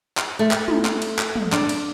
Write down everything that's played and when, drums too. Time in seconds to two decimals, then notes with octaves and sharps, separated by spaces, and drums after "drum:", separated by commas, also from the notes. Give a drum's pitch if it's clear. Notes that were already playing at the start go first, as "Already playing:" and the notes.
0.17 drum: clap
0.39 A3
0.51 drum: clap
0.68 drum: tom
0.85 drum: clap
1.02 drum: cymbal
1.19 drum: clap
1.36 drum: tom
1.52 D4, drum: clap
1.69 drum: cymbal